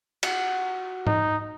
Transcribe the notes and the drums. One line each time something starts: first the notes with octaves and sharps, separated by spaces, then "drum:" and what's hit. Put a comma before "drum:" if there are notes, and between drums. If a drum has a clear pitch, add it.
F#4 F#5, drum: cymbal
D#4, drum: tom G#2